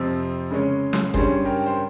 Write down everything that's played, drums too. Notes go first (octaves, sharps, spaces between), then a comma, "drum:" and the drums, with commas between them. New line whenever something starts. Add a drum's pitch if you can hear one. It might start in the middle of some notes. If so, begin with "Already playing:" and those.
Already playing: F2 C3 F3 C4
C#3 G#3 C#4
drum: snare
G2 G3 C#4 G#4 C5, drum: kick G1
G4 A#4
C5